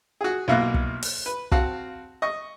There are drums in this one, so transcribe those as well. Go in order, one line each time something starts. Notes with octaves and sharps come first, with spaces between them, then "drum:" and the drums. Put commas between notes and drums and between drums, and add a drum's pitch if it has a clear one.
F#4 G#4
B1 B2 A#3 E4 F4 F#6
drum: kick
drum: open hi-hat
B4
C4 F#4 F5 A5, drum: kick
D#5 C#6